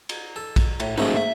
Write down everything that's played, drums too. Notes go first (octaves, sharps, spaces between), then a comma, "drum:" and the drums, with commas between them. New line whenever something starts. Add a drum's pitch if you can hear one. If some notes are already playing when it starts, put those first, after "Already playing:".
drum: cymbal
A4
drum: kick, cymbal
A2, drum: cymbal
G#2 F#3 A3 A#3 C#4 D#4
E5